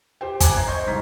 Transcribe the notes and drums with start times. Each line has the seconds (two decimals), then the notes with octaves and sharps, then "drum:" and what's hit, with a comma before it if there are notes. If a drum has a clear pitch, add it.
0.21 G4 C5 G5
0.40 G#5 A#5 D6 F#6 G#6, drum: kick, hi-hat
0.54 C5 E5 A#5 G#6
0.67 C5 D#5 C#6 G6 G#6
0.87 C2 G#2 A#5 B6